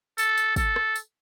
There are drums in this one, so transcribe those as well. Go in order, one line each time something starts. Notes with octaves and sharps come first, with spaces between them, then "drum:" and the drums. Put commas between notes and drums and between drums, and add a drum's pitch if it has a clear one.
A4, drum: tambourine
drum: tambourine
A4, drum: kick, tambourine
drum: rim click
drum: tambourine